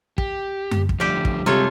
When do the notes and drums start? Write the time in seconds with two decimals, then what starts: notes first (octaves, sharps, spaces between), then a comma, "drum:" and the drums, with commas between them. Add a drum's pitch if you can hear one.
0.18 G4, drum: kick
0.71 drum: tom F#2
0.89 drum: kick
1.00 D3 F3 G3 A3 G4
1.25 drum: kick
1.46 C3 G3 G#3 F4 A4 C#5